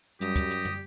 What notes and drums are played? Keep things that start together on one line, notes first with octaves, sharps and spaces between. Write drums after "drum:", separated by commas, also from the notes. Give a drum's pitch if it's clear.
F#2 G3 G4 D#6 A#6, drum: hi-hat
drum: kick, hi-hat
drum: hi-hat
drum: tom